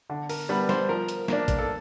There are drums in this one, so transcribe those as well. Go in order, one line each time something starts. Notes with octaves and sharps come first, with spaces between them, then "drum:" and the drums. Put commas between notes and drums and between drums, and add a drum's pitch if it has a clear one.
D3
A#4, drum: open hi-hat
G3 B3 D4 B4
C5, drum: snare
F3 A#4
drum: hi-hat
A#3 D4, drum: snare
drum: kick, hi-hat
A4